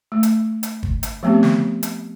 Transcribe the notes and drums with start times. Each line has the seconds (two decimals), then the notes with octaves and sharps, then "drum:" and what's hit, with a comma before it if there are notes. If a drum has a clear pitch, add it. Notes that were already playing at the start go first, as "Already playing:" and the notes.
0.12 A3
0.23 drum: hi-hat
0.63 drum: hi-hat
0.83 drum: kick
1.03 drum: hi-hat
1.23 F3 A3 B3 C4 G4
1.43 drum: snare
1.83 drum: hi-hat